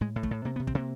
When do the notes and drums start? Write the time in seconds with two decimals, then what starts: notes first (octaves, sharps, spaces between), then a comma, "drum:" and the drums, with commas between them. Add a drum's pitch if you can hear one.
0.01 A2 G#3
0.16 A2
0.23 A3, drum: kick
0.31 A2
0.45 C3 A#3
0.56 B3
0.60 C3
0.67 C4, drum: kick
0.75 C3 A#3